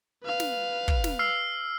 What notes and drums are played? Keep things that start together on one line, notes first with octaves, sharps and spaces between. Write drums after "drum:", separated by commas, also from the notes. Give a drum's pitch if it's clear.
B4 F5
drum: snare
drum: kick
drum: snare
E6 F6 C7